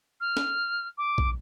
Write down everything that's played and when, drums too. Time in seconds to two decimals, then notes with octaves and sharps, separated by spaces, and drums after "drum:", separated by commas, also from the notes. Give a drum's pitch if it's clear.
0.21 F6
0.37 drum: snare
0.98 D6
1.18 drum: kick